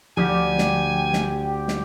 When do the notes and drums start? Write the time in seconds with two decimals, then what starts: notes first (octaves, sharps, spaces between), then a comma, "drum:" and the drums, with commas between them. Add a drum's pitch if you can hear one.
0.17 D2 F3 G4 G#5
0.58 drum: snare
1.13 drum: snare
1.68 drum: snare